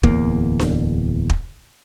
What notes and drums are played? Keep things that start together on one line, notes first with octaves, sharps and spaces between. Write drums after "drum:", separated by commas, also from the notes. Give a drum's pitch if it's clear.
D1 E2 A#3, drum: kick
drum: snare D4
drum: kick